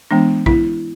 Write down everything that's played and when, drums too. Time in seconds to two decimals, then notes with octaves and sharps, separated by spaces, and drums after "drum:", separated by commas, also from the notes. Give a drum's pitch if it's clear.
0.11 E3 G#3 B3 D4
0.46 E4, drum: kick A#1